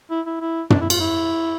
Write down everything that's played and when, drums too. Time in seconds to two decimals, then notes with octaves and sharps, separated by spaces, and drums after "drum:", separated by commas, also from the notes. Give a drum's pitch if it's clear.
0.10 E4
0.26 E4
0.41 E4
0.70 D4, drum: tom
0.80 E4
0.90 F4, drum: cymbal
1.00 E4